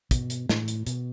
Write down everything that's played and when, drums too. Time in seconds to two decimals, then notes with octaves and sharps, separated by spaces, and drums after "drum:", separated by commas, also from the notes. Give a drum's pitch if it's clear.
0.11 B2, drum: kick, hi-hat
0.30 drum: hi-hat
0.49 A2, drum: snare
0.68 drum: hi-hat
0.87 B2, drum: hi-hat